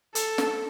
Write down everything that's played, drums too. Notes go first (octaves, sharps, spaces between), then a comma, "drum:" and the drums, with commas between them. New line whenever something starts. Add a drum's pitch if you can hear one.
A4, drum: hi-hat
drum: snare